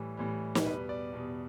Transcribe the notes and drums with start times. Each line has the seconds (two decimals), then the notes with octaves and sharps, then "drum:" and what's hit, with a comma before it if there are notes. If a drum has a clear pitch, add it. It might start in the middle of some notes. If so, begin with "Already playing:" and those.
Already playing: A2 E3 G3
0.17 A2 E3 G3
0.55 drum: snare
0.65 E2 B2 G3 B4
0.89 D5
1.13 E2 B2 G3